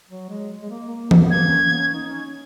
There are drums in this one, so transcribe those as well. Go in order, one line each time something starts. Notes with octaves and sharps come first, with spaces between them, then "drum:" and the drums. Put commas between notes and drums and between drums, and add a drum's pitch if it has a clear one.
F#3
G#3
G#3
A#3
A#3
A#3, drum: tom E3
B3
A#3 G#6
C#4
A#3
B3
C#4
D#4
C#4